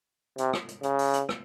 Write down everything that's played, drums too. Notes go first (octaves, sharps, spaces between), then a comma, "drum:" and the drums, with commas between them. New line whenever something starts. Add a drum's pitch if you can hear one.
C3, drum: hi-hat
drum: rim click
drum: hi-hat
C#3, drum: hi-hat
drum: open hi-hat
drum: hi-hat
drum: rim click